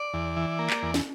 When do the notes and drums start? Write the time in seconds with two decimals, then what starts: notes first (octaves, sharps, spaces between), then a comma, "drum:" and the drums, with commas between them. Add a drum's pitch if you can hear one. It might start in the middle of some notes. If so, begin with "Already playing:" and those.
Already playing: D5
0.14 E2
0.37 E3
0.59 A#3
0.70 drum: clap
0.83 E2
0.94 drum: snare